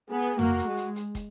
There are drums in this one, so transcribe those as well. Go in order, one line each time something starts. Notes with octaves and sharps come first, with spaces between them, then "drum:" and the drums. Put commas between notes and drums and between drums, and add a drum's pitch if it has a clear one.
B3 G#4
A#3 F#4, drum: tom
drum: hi-hat
G#3
drum: hi-hat
drum: hi-hat
drum: kick, hi-hat